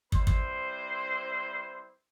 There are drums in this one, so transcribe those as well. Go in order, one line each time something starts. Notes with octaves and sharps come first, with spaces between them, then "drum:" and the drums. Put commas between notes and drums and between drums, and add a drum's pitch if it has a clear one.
G3 C4 E4 B4 C5 C6, drum: kick
drum: kick